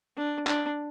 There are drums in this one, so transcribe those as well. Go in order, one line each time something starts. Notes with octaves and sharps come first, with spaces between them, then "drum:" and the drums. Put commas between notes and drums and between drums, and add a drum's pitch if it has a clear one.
D4
D4, drum: clap